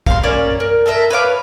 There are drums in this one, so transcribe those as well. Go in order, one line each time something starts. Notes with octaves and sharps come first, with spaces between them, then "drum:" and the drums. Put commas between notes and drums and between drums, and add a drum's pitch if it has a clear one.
F5 C6, drum: kick
A#3 C#4 C#5 D5
A#4
A4 A#4 D#5 E5
B4 C#5 F5 D6